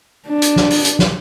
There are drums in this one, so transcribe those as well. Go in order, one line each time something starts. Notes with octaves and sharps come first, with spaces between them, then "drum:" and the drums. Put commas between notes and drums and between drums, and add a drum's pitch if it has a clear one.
D4
drum: hi-hat
drum: snare
drum: open hi-hat
drum: hi-hat
drum: snare